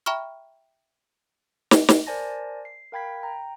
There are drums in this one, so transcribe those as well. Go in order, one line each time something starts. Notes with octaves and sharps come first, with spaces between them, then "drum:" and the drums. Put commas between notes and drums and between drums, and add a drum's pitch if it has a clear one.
E5 G5 A#5 B5 C#6 F6
drum: snare
drum: snare
A#4 C5 D5 G#5 A5 A#6
C7
A#4 F5 G5 B5 G#6 B6
G5 A#5